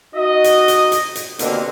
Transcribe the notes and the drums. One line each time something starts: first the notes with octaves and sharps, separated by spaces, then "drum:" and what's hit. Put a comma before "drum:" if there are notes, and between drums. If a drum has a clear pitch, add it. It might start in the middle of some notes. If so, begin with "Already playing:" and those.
D#4 F#4 D#5
drum: hi-hat
drum: hi-hat
drum: hi-hat
drum: hi-hat
D#2 B2 D3 A#3 C4, drum: hi-hat